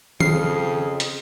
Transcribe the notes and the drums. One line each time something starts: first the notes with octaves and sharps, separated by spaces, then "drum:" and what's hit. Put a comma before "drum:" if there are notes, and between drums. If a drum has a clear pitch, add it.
F2 C#3 G#4 F6 C7, drum: tom D#3
drum: hi-hat